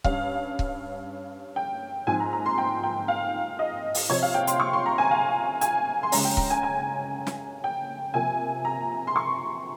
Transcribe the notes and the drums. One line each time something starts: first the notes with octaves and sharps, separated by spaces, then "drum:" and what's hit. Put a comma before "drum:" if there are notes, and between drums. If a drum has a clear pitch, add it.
G2 G3 C#4 F5, drum: kick C#1
drum: kick C#1
G5
G#2 F3 C4 D#4 G#5
A#5
A#5
C6
G5
G5
F5
D#5
drum: open hi-hat
C3 F3 C4 C#5
F5
G5
C6, drum: hi-hat
C#6
C6
A#5
G#5
F5
G#5, drum: hi-hat
C6
C#3 G#3 C#4 A#5, drum: open hi-hat
G5
A#5, drum: kick C#1
G#5
G#5
drum: snare
G5
C3 F3 A#3 G#5
A#5
C6
C#6